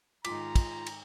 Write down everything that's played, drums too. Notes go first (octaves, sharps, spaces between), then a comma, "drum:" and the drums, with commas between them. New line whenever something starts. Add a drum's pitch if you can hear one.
G#2 D#3 F4 A#5 D6 B6, drum: cymbal
drum: kick, cymbal
drum: cymbal